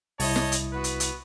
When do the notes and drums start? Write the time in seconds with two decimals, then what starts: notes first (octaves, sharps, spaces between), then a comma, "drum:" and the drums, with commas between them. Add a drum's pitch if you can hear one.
0.20 C2 E4 C#5 D#5 A5, drum: open hi-hat
0.36 drum: snare
0.52 drum: hi-hat
0.73 B3 F#4 B4
0.84 drum: hi-hat
1.00 drum: hi-hat